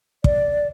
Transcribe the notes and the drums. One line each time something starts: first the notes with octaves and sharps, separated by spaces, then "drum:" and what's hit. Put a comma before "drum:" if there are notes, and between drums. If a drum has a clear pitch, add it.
D5, drum: kick